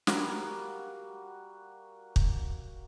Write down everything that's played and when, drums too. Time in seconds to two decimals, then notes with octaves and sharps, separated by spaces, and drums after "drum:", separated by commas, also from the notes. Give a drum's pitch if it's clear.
0.07 G3 A#3 F#4, drum: snare
2.16 drum: kick